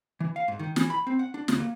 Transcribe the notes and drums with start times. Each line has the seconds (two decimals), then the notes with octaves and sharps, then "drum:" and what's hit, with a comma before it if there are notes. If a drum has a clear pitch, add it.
0.20 E3
0.36 F5
0.48 G#2
0.59 D#3
0.76 E3, drum: snare
0.90 B5
1.07 C4
1.19 F#5
1.34 D4
1.48 D2, drum: snare
1.60 A#3